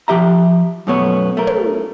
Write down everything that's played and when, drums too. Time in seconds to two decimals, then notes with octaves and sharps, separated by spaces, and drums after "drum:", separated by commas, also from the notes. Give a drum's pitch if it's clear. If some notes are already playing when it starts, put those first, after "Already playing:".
0.08 F3 G4 E5 A#5
0.87 F#2 B2 A3 B3 C#5
1.37 A3 A#4
1.47 drum: tom